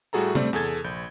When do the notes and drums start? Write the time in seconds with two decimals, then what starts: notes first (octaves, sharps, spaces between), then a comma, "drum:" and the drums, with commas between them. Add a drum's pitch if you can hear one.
0.13 A2 G3 F#4 G#4 A4 A#5
0.35 G3 A3 C4 D5, drum: tom
0.53 E2 G#4 A4 G#6 A6
0.84 A#1 G6